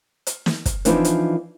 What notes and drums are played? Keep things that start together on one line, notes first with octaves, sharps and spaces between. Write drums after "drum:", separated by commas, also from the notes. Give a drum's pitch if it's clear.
drum: hi-hat
drum: snare
drum: kick, hi-hat
E3 F3 C4 D4 D#4 B4, drum: hi-hat
drum: hi-hat